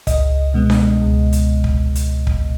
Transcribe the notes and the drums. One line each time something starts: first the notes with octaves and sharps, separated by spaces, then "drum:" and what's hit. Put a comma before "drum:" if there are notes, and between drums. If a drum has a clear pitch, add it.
C#2 D#5, drum: kick, hi-hat
B2 G#3 B3
drum: snare D4
C#2
drum: hi-hat
drum: kick
drum: hi-hat
drum: kick